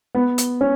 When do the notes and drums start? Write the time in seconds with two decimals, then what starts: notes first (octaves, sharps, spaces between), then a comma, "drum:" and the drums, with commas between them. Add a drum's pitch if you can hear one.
0.15 B3
0.38 drum: hi-hat
0.61 C#4